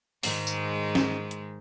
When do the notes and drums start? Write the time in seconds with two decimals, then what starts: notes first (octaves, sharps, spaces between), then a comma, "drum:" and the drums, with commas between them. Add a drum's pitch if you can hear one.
0.23 G#2 D#3 G#3, drum: open hi-hat
0.47 drum: tambourine
0.95 drum: snare
1.31 drum: hi-hat